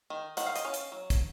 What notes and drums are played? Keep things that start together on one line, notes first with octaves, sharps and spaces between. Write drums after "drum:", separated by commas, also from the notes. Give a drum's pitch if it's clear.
D#3
D#3 F#5, drum: hi-hat
F5
D#5, drum: hi-hat
C#4 F5
drum: hi-hat
F#3
drum: kick, hi-hat